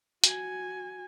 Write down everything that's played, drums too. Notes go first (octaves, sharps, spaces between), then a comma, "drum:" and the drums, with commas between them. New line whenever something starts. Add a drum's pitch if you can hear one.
F#4 G#5, drum: hi-hat